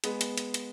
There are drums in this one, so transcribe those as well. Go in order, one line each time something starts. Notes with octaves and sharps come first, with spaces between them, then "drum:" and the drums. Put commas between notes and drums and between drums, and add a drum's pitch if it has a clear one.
G#3 B3, drum: hi-hat
drum: hi-hat
drum: hi-hat
drum: hi-hat